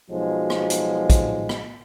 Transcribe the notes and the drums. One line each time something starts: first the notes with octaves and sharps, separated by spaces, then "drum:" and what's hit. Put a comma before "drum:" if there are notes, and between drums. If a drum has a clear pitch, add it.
B1 F3 F#3 G#3
drum: rim click
drum: hi-hat
drum: kick, hi-hat
drum: rim click